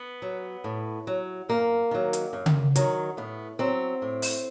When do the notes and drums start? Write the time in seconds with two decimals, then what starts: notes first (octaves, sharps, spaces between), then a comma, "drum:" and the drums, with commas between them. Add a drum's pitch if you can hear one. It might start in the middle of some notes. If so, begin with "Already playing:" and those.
Already playing: B3
0.22 F#3
0.64 A2
1.07 F#3
1.49 F#2 A#3
1.91 D#3 F#3
2.13 drum: hi-hat
2.33 F#2
2.46 drum: tom C#3
2.76 D#3 F#3, drum: hi-hat
3.17 A2 B3
3.59 F#3 C4
4.02 A2
4.22 drum: open hi-hat